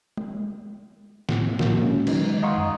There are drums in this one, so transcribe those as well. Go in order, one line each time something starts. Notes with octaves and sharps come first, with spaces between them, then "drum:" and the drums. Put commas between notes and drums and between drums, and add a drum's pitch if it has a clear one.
drum: tom G#3
A2, drum: snare
A#2 F3 A#3 F4 F#4, drum: snare
D3 G#3 C#4
D#3 F#3 G#3 D#4, drum: cymbal
D#5 F5 F#5 A#5 C6 C#6
F#2 D#6